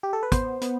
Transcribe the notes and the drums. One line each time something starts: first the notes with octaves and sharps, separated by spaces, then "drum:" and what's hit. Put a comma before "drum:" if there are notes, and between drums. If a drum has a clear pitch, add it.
G4
A4
B4
B3 C5, drum: kick, hi-hat
B3, drum: hi-hat